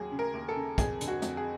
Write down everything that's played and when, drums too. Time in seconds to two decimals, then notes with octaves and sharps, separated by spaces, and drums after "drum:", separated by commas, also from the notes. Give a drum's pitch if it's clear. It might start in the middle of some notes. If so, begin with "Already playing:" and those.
Already playing: D#2 F#3 G#4
0.11 C#3
0.19 A#4
0.34 D#2
0.49 A4
0.56 C#3
0.78 F2 G#4, drum: kick, hi-hat
1.01 D3, drum: hi-hat
1.08 F#4
1.22 F2, drum: hi-hat
1.37 G#4